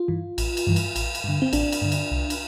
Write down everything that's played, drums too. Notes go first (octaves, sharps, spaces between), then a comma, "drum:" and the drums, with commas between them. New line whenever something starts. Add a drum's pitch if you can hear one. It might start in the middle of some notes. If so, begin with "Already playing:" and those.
Already playing: F4
G2 E3
A1, drum: cymbal
drum: cymbal
G2 E3
drum: cymbal
A1, drum: cymbal
drum: cymbal
G2 D3
C4
A1 D4, drum: cymbal
drum: cymbal
G2 D3
drum: cymbal
C2
drum: cymbal